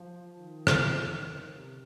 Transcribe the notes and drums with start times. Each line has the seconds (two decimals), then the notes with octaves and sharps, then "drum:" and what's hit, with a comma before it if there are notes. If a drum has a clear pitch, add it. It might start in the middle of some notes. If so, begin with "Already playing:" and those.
Already playing: F3
0.39 D#3
0.67 drum: rim click
1.51 C3